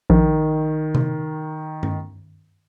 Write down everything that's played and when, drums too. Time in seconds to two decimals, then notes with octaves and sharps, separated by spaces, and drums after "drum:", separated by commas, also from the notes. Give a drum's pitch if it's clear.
0.10 A#1 D#3
0.95 drum: tom C3
1.83 drum: tom G2